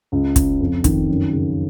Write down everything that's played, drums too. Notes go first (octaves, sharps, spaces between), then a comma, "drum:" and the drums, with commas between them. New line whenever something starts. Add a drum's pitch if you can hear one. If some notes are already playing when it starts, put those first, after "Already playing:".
C#2
C#3, drum: kick, hi-hat
F2
D#3, drum: kick, hi-hat
F#2
C#3